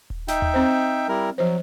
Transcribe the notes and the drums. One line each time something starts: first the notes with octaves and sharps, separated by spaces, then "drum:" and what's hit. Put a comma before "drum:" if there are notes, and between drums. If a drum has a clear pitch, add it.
drum: kick D#1
D#4 E5 G5, drum: snare
drum: tom D#2
C4 C5
G3 E4 A#4
F3 F#3 C5